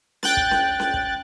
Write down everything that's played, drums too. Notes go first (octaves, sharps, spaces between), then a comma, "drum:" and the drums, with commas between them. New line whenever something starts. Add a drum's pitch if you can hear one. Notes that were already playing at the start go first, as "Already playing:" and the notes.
G5 F#6 A6, drum: snare C#4
drum: kick
drum: snare C#4
drum: snare C#4
drum: kick